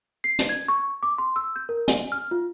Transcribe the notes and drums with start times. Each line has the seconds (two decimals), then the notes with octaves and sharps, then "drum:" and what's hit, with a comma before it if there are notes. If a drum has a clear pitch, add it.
0.24 C7
0.39 drum: hi-hat
0.49 G#6
0.68 C#6
1.03 D6
1.18 C6
1.36 E6
1.56 G6
1.69 A#4
1.88 G#5, drum: hi-hat
2.12 F6
2.31 F4